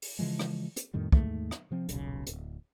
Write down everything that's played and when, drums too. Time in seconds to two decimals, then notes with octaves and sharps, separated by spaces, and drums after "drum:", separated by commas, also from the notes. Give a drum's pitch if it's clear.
0.02 drum: open hi-hat
0.19 C#3 E3 F3 G#3
0.39 drum: rim click
0.77 drum: hi-hat
0.94 F2 A2 D#3 G3
1.12 D#2 G#2 A3, drum: kick
1.51 drum: rim click
1.71 C3 F3 C4
1.89 D#1 B1 A#2 C#3, drum: hi-hat
2.27 D1, drum: hi-hat